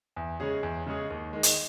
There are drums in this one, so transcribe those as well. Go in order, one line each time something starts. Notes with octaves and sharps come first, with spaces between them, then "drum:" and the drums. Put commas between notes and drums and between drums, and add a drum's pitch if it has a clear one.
E2
C#3 G#3 C#4 G#4
E2
C#3 G#3 C#4 G#4
D#2
D#3 G#3
drum: hi-hat